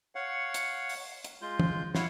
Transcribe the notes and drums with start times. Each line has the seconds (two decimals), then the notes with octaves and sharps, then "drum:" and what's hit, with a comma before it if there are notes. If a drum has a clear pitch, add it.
0.15 C#5 F5 F#5
0.54 drum: hi-hat
0.89 drum: open hi-hat
1.24 drum: hi-hat
1.42 G#3 F4 G6
1.60 drum: tom
1.95 E4 C#5 F5 F#5, drum: snare